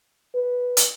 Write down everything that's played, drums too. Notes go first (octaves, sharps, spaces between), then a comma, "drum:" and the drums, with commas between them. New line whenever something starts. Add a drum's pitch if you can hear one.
B4
drum: hi-hat